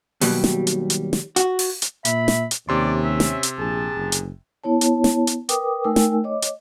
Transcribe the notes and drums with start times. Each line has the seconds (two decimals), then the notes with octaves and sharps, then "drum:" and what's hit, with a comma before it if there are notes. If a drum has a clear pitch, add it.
0.21 D#2 B2 F#3 G3, drum: open hi-hat
0.44 drum: snare
0.67 drum: hi-hat
0.90 drum: hi-hat
1.13 drum: snare
1.36 F#4, drum: hi-hat
1.59 drum: open hi-hat
1.82 drum: hi-hat
2.05 A#2 E5 B5, drum: hi-hat
2.28 drum: snare
2.51 drum: hi-hat
2.69 D#2 C3 C#4 D5 C6
3.04 E5
3.20 drum: snare
3.43 drum: hi-hat
3.59 A#1 G#4 A5
3.96 F#1
4.12 drum: hi-hat
4.64 B3 E4 C#5 A5
4.81 drum: hi-hat
5.04 drum: snare
5.27 drum: hi-hat
5.49 A#4 B4 G5 D6 D#6, drum: hi-hat
5.84 A3 D#4 A#4 G5 G#5 E6
5.96 drum: snare
6.24 C#5 D#5 D6
6.42 drum: hi-hat